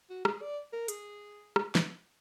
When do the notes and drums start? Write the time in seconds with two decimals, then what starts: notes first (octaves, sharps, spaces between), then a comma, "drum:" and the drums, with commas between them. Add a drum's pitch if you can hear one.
0.10 F#4
0.25 G#4, drum: rim click
0.41 D5
0.73 A#4
0.88 G#4, drum: hi-hat
1.56 drum: rim click
1.75 drum: snare